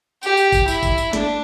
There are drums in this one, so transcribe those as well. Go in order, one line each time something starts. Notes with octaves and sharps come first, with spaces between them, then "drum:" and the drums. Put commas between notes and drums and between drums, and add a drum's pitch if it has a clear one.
G4, drum: tambourine
drum: tambourine
drum: kick F#1, tambourine
E4, drum: tambourine
drum: kick F#1, tambourine
drum: tambourine
D4, drum: snare